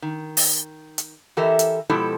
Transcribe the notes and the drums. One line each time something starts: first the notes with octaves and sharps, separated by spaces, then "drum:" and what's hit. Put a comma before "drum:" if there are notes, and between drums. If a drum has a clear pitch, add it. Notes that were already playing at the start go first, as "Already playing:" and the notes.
D#3
drum: open hi-hat
drum: hi-hat
E3 G4 A4 A#4 D#5 E5
drum: hi-hat
B2 F3 G#3 E4 G4 A4